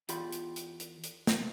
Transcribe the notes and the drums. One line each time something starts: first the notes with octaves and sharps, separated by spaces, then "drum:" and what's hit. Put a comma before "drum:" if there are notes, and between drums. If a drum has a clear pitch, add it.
E2 F4 G4 B5, drum: hi-hat
drum: hi-hat
drum: hi-hat
drum: hi-hat
drum: hi-hat
drum: snare